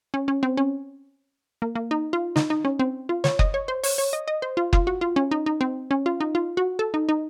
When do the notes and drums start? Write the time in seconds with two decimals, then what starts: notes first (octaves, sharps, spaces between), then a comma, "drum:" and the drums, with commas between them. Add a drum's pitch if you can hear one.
0.14 C#4
0.28 C#4
0.43 C4
0.57 C#4
1.62 A#3
1.75 A#3
1.91 D#4
2.13 F4
2.36 D#4, drum: snare
2.50 D#4
2.65 C#4
2.79 C4
3.09 F4
3.24 C#5, drum: snare
3.39 D#5, drum: kick F#1
3.54 C#5
3.68 C5
3.83 C#5, drum: open hi-hat
3.98 C#5
4.13 D#5
4.28 D#5
4.42 C5
4.57 F4
4.73 F4, drum: kick F#1
4.87 F#4
5.01 F4
5.16 C#4
5.31 D#4
5.46 D#4
5.61 C4
5.91 C#4
6.06 F4
6.21 D#4
6.35 F4
6.57 F#4
6.79 A4
6.94 D#4
7.09 D#4